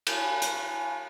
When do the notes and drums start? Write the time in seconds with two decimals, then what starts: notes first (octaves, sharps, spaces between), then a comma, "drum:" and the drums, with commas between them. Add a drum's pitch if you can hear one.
0.07 F5 G#5 A5 B5, drum: cymbal
0.42 drum: hi-hat